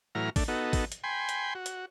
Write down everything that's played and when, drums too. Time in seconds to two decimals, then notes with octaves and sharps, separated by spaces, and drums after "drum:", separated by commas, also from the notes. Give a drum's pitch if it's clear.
0.15 A2 E3 F#3 A#5 F6
0.36 A3 D4, drum: kick, open hi-hat
0.48 B3 D#4 F#4 A4
0.73 drum: kick, open hi-hat
0.92 drum: hi-hat
1.04 G5 G#5 B5 C6
1.29 drum: hi-hat
1.55 F#4
1.66 drum: hi-hat